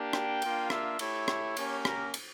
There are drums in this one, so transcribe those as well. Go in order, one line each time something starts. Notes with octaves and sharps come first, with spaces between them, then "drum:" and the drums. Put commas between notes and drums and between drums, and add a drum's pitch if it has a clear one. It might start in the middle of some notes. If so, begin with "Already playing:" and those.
Already playing: A#3 D4 G4
G5, drum: rim click
A#3 D4 F4, drum: cymbal
E5, drum: rim click
A3 E4 G4 C#5, drum: cymbal
drum: rim click
A#3 C#4 G4, drum: cymbal
A#4, drum: rim click
drum: cymbal